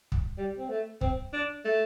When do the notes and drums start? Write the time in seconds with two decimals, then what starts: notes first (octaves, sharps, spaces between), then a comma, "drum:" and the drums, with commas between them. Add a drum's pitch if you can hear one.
0.12 drum: kick
0.38 G3
0.58 C4
0.69 A3
1.01 C4, drum: kick
1.33 D4
1.65 A3